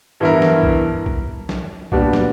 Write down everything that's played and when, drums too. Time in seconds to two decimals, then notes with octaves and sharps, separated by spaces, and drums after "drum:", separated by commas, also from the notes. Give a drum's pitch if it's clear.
0.20 G2 E3 B3 E4 A#4
0.42 drum: snare
0.63 drum: kick B1
1.06 drum: kick B1
1.49 drum: snare
1.92 A#2 G3 B3 D4 F#4, drum: kick B1
2.13 drum: snare